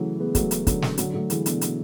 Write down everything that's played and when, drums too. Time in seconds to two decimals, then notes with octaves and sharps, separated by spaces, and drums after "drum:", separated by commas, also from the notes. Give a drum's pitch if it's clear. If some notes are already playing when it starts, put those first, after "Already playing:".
Already playing: C#3 E3 F#3 A3
0.19 G#3 B3
0.35 F#3 A3, drum: kick, hi-hat
0.51 drum: hi-hat
0.67 D3 F#3, drum: kick, hi-hat
0.82 drum: snare
0.98 D3 F#3, drum: hi-hat
1.14 F#3 A3
1.30 E3 G#3, drum: hi-hat
1.46 B2 D3, drum: hi-hat
1.61 B2, drum: hi-hat